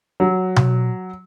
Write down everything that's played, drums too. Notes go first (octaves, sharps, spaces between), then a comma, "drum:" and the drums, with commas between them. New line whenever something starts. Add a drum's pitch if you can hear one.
F#3
drum: tom B2